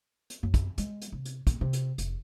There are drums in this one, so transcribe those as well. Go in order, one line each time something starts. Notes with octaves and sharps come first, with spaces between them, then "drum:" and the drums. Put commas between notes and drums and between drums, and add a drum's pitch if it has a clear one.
drum: hi-hat
F#2
drum: kick, hi-hat
G#3, drum: hi-hat
drum: hi-hat
C3
drum: hi-hat
A#2, drum: kick, hi-hat
C3
drum: hi-hat
F1, drum: hi-hat